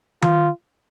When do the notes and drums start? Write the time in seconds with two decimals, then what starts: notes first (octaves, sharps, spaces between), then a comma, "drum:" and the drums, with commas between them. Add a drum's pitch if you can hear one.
0.22 F4, drum: tom D#3